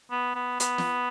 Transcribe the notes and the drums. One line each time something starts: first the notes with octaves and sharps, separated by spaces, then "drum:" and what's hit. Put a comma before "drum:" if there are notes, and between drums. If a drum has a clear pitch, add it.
B3
B3
B3, drum: hi-hat
drum: snare